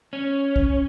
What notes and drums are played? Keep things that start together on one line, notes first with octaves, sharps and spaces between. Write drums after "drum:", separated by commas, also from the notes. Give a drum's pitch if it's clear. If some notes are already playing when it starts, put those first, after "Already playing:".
C#4
drum: kick